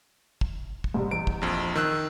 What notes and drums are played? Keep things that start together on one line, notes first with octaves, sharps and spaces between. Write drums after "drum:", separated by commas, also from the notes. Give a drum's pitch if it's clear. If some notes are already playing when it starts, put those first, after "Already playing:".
drum: kick
drum: kick
G#2 C3 G3
E2 D7
drum: kick
A#1 F2
D#3 E6 F#6